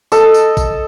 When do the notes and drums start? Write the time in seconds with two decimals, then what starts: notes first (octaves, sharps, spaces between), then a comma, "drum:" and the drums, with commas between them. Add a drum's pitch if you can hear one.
0.12 A4 D#5, drum: tambourine
0.34 drum: tambourine
0.57 drum: kick A1, tambourine